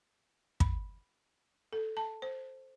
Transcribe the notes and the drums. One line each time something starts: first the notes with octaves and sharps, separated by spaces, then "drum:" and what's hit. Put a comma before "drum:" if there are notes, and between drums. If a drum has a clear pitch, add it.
B5, drum: kick
A4
A5
C5